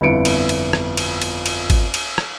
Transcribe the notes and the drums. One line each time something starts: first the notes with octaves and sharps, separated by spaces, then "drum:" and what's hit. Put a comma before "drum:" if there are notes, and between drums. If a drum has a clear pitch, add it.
G1 F2 B3 E4 C#7 D7
drum: cymbal
drum: cymbal
drum: rim click
drum: cymbal
drum: cymbal
drum: cymbal
drum: kick, cymbal
drum: cymbal
drum: rim click